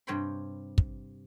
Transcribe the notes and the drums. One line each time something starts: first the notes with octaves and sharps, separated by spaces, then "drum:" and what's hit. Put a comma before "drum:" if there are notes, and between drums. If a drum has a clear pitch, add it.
G2 C3 C#5 G5 B5 C6
drum: kick